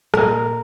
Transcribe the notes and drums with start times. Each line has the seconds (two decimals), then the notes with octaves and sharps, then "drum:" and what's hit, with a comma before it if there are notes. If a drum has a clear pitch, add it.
0.14 A#2 A#4, drum: rim click